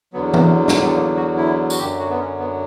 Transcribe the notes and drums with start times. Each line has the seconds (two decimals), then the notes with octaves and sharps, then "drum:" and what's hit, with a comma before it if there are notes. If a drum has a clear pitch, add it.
0.13 E2 D3 F#3 B3
0.34 B3, drum: tom E3
0.68 A#3, drum: snare
0.82 G3
0.95 A#3
1.16 F#4
1.37 E4
1.70 F#4, drum: tambourine
1.78 F#2 D3 F#3 G4
1.99 F#4
2.10 B3
2.19 C#4
2.40 B3